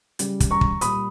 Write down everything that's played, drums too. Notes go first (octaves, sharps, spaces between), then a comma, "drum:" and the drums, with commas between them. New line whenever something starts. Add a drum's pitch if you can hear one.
C#3 G3, drum: hi-hat
drum: kick, hi-hat
A#5 C#6
drum: kick
A#2 G3 B5 D#6, drum: hi-hat